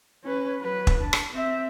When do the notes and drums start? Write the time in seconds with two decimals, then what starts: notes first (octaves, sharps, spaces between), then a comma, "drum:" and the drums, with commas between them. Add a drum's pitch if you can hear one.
0.24 C#4 B4
0.61 F#3 B4
0.87 drum: kick
0.99 D4
1.13 drum: rim click
1.32 C4 E5